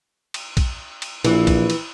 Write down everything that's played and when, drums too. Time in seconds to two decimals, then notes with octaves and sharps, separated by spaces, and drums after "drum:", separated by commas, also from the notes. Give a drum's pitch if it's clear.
0.34 drum: cymbal
0.57 drum: kick, cymbal
1.02 drum: cymbal
1.25 A#1 E3, drum: cymbal
1.47 drum: kick, cymbal
1.70 drum: cymbal